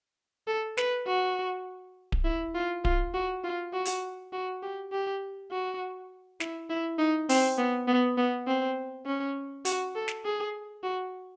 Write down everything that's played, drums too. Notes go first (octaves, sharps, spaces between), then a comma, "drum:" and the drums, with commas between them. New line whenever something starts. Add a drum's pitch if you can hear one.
A4
B4, drum: snare
F#4
drum: kick D1
E4
F4
F4, drum: kick D1
F#4
F4
F#4
drum: hi-hat
F#4
G4
G4
F#4
E4, drum: snare
E4
D#4
C4, drum: open hi-hat
B3
B3
B3
C4
C#4
F#4, drum: hi-hat
A4
drum: snare
G#4
F#4